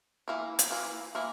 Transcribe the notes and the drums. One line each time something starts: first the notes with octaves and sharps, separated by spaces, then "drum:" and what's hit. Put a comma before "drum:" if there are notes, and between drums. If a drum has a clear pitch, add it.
E3 A#3 E4
drum: hi-hat
E3 A#3 E4
E3 A#3 E4